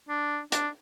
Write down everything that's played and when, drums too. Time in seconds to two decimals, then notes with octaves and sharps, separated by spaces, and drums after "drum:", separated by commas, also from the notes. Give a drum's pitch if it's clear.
0.09 D4
0.52 D4, drum: hi-hat